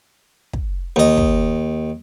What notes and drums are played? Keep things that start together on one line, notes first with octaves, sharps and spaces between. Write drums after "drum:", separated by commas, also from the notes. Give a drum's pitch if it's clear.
drum: kick
D#2 D#5
drum: kick